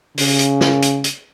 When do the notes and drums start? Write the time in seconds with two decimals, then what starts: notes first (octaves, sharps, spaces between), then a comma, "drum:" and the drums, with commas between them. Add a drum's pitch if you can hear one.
0.18 C#3, drum: open hi-hat
0.39 drum: hi-hat
0.61 drum: snare
0.82 drum: hi-hat
1.04 drum: hi-hat